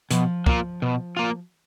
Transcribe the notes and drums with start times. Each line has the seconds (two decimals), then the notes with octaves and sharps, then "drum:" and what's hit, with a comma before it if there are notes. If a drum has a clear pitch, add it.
0.11 B2 F3, drum: hi-hat
0.46 A#3 F4, drum: kick
0.82 B2
1.17 A#3 F4